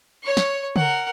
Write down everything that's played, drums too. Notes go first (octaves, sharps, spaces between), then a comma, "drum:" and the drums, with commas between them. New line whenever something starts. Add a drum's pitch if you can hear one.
C#5 C#6
drum: snare
A#4 F#5, drum: tom C#3